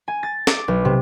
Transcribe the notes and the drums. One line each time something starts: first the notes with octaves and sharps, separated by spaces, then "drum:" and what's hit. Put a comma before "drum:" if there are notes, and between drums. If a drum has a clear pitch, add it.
G#5
A6
D6, drum: snare
B1
C3